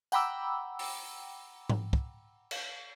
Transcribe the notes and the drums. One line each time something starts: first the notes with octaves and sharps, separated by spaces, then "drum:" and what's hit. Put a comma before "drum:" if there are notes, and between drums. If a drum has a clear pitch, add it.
F#5 G5 A#5 B5 D6 E6, drum: tambourine
drum: open hi-hat
drum: tom G#2
drum: kick
drum: cymbal